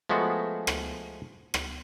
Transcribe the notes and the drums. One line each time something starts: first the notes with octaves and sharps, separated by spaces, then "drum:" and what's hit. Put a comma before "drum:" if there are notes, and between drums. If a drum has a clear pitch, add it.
F3 G#3 A3 B3 F#4
drum: rim click
drum: rim click